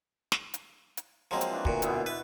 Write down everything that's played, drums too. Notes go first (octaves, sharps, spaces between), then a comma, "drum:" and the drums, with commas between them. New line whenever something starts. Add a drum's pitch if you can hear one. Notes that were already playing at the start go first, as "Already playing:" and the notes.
drum: snare
drum: hi-hat
drum: hi-hat
F3 F#3 G#3 A#3 C4
drum: hi-hat
E3 D4 F#4
D2 A#2, drum: kick
B2 B3 E4, drum: hi-hat
B4